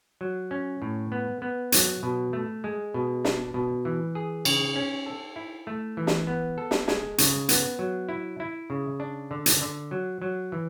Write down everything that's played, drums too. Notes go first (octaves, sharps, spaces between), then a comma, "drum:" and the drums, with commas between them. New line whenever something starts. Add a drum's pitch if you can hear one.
F#3
C#4
A2
B3
B3
F#3, drum: hi-hat
B2
A3
G#3
B2
D4, drum: snare
B2
E3
G#4
C#3, drum: cymbal
C#4
A4
E4
A3
E3
drum: snare
B3
A4
drum: snare
G#3, drum: snare
C#3, drum: hi-hat
B3, drum: hi-hat
F#3
E4
E4
C#3
D4
D3
drum: hi-hat
D3
F#3
F#3
E3